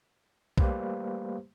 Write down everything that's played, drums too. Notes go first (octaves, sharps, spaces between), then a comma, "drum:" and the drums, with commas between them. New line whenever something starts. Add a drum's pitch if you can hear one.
G3 A3 A#3 G4 B4 C5, drum: kick B1